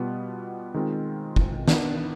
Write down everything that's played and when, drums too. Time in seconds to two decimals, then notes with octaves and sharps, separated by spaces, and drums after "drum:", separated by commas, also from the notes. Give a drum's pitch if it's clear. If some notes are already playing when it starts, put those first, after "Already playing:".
Already playing: B2 G3 B3 F4
0.74 D#3 G#3 C4 F4
1.36 drum: kick
1.68 D#3 B3 D4, drum: snare